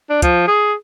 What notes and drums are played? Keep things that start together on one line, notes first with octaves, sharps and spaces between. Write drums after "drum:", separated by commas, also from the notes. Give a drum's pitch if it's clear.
D4
F3, drum: kick, hi-hat
G#4